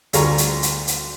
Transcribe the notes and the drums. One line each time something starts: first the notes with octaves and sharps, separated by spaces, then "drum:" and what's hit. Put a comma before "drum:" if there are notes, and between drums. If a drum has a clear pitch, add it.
D2 G3 F4 G#4 A#5 C#6, drum: hi-hat
drum: hi-hat
drum: hi-hat
drum: hi-hat